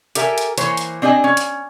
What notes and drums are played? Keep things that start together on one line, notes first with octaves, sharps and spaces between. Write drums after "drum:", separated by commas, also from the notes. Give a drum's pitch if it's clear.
G4 A4 A#4 E5 G5 G#5, drum: hi-hat
drum: hi-hat
E3 A#3 C5 C#5, drum: hi-hat
drum: hi-hat
C4 D4 G4 D#5 G#5
C#4
drum: hi-hat